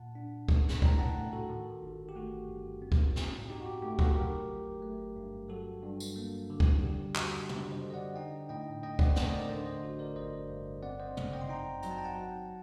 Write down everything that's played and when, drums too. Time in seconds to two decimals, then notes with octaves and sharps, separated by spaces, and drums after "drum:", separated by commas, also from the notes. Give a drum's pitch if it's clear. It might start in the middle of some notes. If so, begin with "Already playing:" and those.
Already playing: A#2 F#5 A5
0.15 D4
0.49 A2, drum: kick
0.69 drum: snare
0.82 A2 G5 A#5, drum: kick
0.99 F#5 A5
1.16 A3
1.33 F#4 A4
1.49 D#3
1.83 G1
2.09 G4
2.15 A3 F#4
2.49 G2
2.82 C4
2.92 drum: kick
3.16 A2, drum: snare
3.49 D#4 G4
3.61 F#4
3.66 G4
3.82 A3 G4
3.99 F#4 A4, drum: kick
4.15 F#3 G4 A#4
4.50 G1
4.82 A3
5.16 G2
5.49 F#3 F#4 A4
5.83 G2
6.00 drum: tambourine
6.16 A#3
6.50 D3
6.60 drum: kick
6.82 G3 G4
7.16 F#2 F#4, drum: clap
7.49 D4 G4, drum: tom
7.71 C5 D#5
7.82 D3
7.90 D#5
7.94 D5 F#5
8.16 D#4 D#5 G5
8.49 A2 D#5 G5
8.82 A2 D#5 G5
8.99 D5 F#5, drum: kick
9.16 A3 C5 D#5, drum: snare
9.28 D#5
9.33 A#4 D5
9.49 D3 C5 D#5
9.66 C5 D#5
9.83 G1 F#4
9.99 A#4 D5
10.16 G1 C5 D#5
10.50 G2
10.83 C4 D5 F#5
11.00 C5 D#5
11.17 F#2, drum: tom
11.33 D#5 G5
11.41 C6
11.49 D#4 G5 A#5
11.83 F#3 A#5, drum: hi-hat
11.91 A5
11.98 G5
12.04 F#5 A5
12.16 F#3